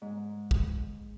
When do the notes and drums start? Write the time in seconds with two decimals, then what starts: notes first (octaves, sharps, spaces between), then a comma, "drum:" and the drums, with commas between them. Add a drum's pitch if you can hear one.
0.02 G#2
0.51 drum: kick